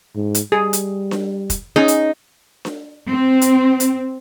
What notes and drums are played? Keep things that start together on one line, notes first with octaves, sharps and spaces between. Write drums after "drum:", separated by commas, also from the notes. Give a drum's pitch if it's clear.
G#2
drum: hi-hat
G3 G#4
drum: hi-hat
drum: snare D4
drum: kick F1, hi-hat
C#4 D#4 G#4
drum: hi-hat
drum: snare D4
C4
drum: hi-hat
drum: hi-hat